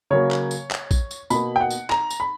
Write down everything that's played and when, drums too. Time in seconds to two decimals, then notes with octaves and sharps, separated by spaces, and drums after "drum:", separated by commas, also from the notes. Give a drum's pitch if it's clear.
0.11 C#3 F#3 A#3 C#5
0.31 drum: clap
0.51 drum: tambourine
0.71 drum: clap
0.91 drum: kick, tambourine
1.11 drum: tambourine
1.30 B2 A#3 B5, drum: tambourine
1.56 G5
1.61 F#5
1.71 drum: tambourine
1.90 A#5, drum: clap
2.10 drum: tambourine
2.20 B5